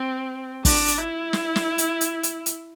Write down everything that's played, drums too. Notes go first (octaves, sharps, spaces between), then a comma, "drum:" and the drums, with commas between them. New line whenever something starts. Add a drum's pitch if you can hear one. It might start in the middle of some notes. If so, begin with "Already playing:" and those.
Already playing: C4
D4, drum: kick, open hi-hat
drum: hi-hat
E4
drum: snare
drum: snare
drum: hi-hat
drum: hi-hat
drum: hi-hat
drum: hi-hat